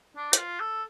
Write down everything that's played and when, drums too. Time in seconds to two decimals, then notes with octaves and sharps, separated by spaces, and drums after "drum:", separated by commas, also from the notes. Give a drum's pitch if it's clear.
0.17 D4
0.33 G4, drum: hi-hat
0.37 F4
0.60 A4